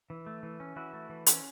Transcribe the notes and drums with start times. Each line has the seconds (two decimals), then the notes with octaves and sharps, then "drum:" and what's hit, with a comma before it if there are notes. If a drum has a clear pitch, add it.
0.10 E3
0.26 A3
0.43 E3
0.60 C#4
0.76 E3 E4 F#4
0.93 A3
1.09 E3
1.26 C#4, drum: hi-hat